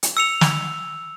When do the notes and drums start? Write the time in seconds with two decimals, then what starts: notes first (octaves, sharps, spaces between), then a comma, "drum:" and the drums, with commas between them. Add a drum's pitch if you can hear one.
0.03 drum: hi-hat
0.17 E6 C#7 F7
0.41 drum: snare